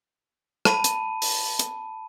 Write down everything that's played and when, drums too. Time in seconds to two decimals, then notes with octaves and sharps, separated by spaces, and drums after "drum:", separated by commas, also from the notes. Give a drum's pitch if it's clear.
0.65 A5 B5 D#7, drum: rim click
0.84 drum: hi-hat
1.22 drum: open hi-hat
1.59 drum: hi-hat